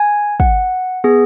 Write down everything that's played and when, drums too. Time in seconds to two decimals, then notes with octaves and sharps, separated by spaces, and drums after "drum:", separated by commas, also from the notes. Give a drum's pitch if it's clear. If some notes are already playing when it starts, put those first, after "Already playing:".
Already playing: G#5
0.40 F#5, drum: kick
1.04 B3 G#4